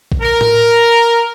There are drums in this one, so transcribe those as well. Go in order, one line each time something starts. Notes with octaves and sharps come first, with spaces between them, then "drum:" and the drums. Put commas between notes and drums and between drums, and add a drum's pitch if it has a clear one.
drum: kick A#1
A#4
drum: tom A2